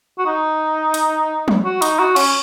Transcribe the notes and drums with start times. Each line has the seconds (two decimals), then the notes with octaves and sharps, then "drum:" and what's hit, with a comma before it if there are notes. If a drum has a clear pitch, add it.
0.18 F#4
0.26 D#4
0.94 drum: hi-hat
1.48 drum: tom F3
1.65 F#4
1.82 D#4, drum: hi-hat
1.99 F#4
2.16 C#4, drum: cymbal